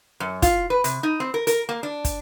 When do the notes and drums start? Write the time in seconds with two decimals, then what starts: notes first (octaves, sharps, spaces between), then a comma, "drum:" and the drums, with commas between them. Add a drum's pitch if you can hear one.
0.20 F#2
0.42 F4, drum: kick, hi-hat
0.70 B4
0.84 C3, drum: hi-hat
1.03 D#4
1.20 C4
1.34 A#4
1.47 A#4, drum: hi-hat
1.69 A#3
1.83 D4
2.05 drum: kick, hi-hat